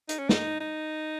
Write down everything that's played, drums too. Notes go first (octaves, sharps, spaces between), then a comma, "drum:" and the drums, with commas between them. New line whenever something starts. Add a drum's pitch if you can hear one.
D#4, drum: hi-hat
C#4
D#4, drum: snare
D#4